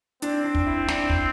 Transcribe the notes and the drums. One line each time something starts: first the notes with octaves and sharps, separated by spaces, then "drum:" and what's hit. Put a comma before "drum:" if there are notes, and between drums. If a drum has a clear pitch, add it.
C4 D4, drum: hi-hat
D4
drum: kick
E4
D4, drum: snare
drum: kick